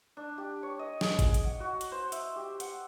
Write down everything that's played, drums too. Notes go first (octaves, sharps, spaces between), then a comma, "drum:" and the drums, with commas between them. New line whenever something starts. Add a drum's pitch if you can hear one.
D4
G4
C#5
D#5
G#4, drum: snare
G5, drum: kick G#1, hi-hat
drum: hi-hat
F#5
F#4
drum: hi-hat
C5
E5, drum: hi-hat
G4
F#5, drum: hi-hat